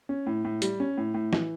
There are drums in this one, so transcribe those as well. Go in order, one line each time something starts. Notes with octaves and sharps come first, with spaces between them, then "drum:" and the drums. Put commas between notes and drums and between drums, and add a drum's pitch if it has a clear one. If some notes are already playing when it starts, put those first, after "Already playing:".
C#4
A2
A2
G3, drum: hi-hat
C#4
A2
A2
E3, drum: snare